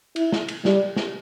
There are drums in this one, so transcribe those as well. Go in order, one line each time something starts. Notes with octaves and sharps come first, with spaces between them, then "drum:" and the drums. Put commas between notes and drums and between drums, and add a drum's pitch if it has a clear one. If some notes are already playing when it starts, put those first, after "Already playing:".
E4, drum: cymbal
drum: snare
drum: cymbal
G3, drum: snare
drum: snare